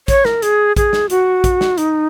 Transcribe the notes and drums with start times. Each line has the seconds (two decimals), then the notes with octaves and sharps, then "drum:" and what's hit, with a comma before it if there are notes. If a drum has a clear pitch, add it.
0.08 C#5, drum: kick, hi-hat
0.25 A#4, drum: snare
0.42 G#4, drum: hi-hat
0.77 G#4, drum: kick, hi-hat
0.93 drum: snare
1.10 F#4, drum: hi-hat
1.44 drum: kick, hi-hat
1.61 drum: snare
1.78 D#4, drum: hi-hat